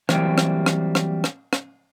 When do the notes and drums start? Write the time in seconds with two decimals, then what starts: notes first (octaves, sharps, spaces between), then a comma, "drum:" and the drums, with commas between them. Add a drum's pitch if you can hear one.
0.09 E3 F#3 G3 A#3 C4, drum: rim click
0.38 drum: rim click
0.66 drum: rim click
0.95 drum: rim click
1.24 drum: rim click
1.53 drum: rim click